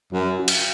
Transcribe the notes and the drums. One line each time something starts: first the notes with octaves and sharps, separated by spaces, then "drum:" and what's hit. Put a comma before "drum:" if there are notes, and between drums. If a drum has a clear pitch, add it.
F#2 F#3
F#4
drum: cymbal